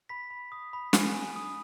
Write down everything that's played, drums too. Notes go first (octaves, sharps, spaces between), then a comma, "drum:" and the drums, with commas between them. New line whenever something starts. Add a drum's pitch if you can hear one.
B5 B6
B5
D#6
B5
G#5 D#7, drum: snare
G#5
D#6